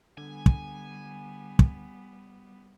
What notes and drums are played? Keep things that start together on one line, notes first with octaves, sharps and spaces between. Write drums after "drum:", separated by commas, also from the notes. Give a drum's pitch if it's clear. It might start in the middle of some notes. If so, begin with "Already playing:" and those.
D3 G3 B3 G#5
drum: kick
drum: kick